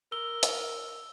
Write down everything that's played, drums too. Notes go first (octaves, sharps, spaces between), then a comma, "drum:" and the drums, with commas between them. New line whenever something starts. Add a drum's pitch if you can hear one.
A#4 E6 G7
drum: hi-hat